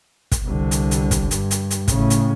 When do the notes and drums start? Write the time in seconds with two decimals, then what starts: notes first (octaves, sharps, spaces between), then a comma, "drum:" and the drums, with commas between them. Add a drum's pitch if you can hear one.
0.32 drum: kick, hi-hat
0.44 C2 D3
0.71 drum: hi-hat
0.91 drum: hi-hat
1.11 drum: kick, hi-hat
1.31 G2, drum: hi-hat
1.51 drum: hi-hat
1.71 drum: hi-hat
1.88 A2 C#3, drum: kick, hi-hat
2.10 drum: hi-hat